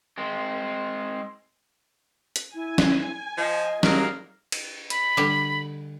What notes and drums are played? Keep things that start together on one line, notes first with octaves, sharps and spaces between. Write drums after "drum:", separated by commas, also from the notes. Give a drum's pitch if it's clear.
G#3 C4
drum: hi-hat
E4 G#5
drum: snare
F3 D#5
F#3 G3 G#4 A#4 F5, drum: snare
drum: cymbal
B5, drum: hi-hat
D3 G3